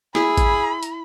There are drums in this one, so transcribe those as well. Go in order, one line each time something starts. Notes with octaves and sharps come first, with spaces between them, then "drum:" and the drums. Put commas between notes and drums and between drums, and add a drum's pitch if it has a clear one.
E4 G#4 B5, drum: snare
drum: kick A1, hi-hat
drum: hi-hat